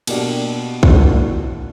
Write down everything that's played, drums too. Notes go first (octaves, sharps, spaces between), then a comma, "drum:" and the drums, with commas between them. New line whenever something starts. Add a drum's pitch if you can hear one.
B2 A#3 D4 G4, drum: cymbal
E3 A#3 D4 F#4, drum: kick